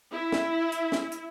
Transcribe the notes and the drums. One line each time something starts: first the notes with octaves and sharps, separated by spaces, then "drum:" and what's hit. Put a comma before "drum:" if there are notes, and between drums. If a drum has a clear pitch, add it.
E4
drum: snare
drum: hi-hat
drum: snare
drum: hi-hat